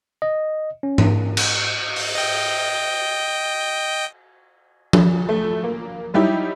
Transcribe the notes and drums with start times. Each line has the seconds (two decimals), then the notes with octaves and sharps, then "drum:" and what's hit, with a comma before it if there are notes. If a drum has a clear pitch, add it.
0.22 D#5
0.83 C#4
0.98 drum: tom G#2
1.37 drum: cymbal
1.96 drum: open hi-hat
2.15 D#5 G5
4.93 drum: tom F3
5.29 A3
5.64 A#3
6.14 F#3 G3 D#4 E4 G4